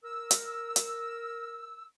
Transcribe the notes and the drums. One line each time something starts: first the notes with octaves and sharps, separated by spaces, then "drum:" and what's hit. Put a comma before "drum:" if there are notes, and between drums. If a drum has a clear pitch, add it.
A#4 E6
drum: hi-hat
drum: hi-hat